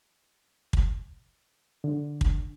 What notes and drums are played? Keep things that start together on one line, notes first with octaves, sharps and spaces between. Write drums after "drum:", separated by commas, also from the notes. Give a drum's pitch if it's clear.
drum: kick
D3
drum: kick